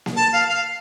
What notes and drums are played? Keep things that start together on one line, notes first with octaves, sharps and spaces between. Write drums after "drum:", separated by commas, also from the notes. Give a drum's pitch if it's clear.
drum: snare A#3
A5
F5
F5